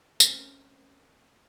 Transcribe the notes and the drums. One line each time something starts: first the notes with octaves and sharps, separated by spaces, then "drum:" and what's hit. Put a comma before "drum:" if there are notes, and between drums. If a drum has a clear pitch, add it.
A3 C4 C#4 A#4 C5, drum: tambourine